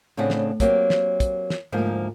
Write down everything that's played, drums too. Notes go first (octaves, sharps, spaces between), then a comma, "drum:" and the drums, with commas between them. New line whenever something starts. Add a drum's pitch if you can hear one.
A2 C#3 B3 C4 D4 F#5
drum: snare
F#3 A#3 C4 G4, drum: kick, hi-hat
drum: snare
drum: kick, hi-hat
drum: snare
D2 G#2 F3 A#3